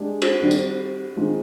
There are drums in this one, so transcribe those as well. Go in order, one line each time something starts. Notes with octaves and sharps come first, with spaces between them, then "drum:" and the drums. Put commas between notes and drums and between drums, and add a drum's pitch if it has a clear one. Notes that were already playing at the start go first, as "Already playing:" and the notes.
Already playing: G#3 D4 G4
drum: cymbal
D#3 G3 C4 G4 D5
drum: tambourine
D#3 G#3 C4 F4